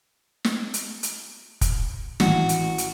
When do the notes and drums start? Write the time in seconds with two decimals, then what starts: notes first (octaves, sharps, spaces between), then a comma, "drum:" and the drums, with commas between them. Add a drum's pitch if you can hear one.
0.44 drum: snare
0.74 drum: hi-hat
1.03 drum: hi-hat
1.61 drum: kick, hi-hat
2.20 A1 F#4, drum: snare
2.49 drum: hi-hat
2.78 drum: hi-hat